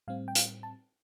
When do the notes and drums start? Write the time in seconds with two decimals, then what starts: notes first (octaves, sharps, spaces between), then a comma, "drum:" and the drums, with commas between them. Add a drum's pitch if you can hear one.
0.08 A2 G3 C4 F5
0.28 G5
0.35 F5, drum: hi-hat
0.63 A5